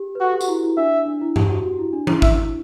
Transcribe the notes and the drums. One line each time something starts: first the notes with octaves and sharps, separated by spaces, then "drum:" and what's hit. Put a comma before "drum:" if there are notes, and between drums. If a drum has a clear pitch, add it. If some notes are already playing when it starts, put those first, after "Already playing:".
Already playing: G4
B4
F#4 A4
G4
F#4, drum: tambourine
E4
E4
D4 E5
D4
E4
G4, drum: tom G2
F#4
F#4
E4
D4
E4, drum: tom E3
E5, drum: kick G#1